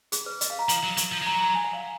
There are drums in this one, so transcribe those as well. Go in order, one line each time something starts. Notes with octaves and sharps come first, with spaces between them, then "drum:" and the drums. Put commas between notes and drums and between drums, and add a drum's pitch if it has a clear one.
G#4, drum: hi-hat
B4
D#5, drum: hi-hat
F5
A#5
F3, drum: hi-hat
F#3
F#3, drum: hi-hat
F3
G#3
F#3 A#5
A#5
G#5
F#5
F5